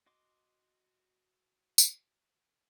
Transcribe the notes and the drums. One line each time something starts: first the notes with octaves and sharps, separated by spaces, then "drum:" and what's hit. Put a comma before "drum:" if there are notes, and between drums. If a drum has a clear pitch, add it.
F#4 D#5 C6 D6
drum: tambourine